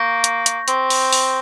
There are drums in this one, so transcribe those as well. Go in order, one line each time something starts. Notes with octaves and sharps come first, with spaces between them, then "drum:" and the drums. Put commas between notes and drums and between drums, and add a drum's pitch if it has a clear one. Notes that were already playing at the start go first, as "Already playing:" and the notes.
Already playing: A#3 C#6 G6 A#6
drum: hi-hat
drum: hi-hat
C4, drum: hi-hat
drum: open hi-hat
drum: open hi-hat